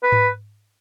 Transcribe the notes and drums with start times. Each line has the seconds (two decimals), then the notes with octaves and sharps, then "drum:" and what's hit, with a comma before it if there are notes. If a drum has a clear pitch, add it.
0.03 B4
0.12 drum: tom G#2